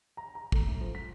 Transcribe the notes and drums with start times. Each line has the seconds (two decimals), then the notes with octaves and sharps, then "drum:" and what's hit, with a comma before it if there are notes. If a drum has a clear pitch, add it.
0.17 A#5
0.35 A#5
0.52 A3, drum: kick
0.66 F#2
0.81 F3
0.95 B6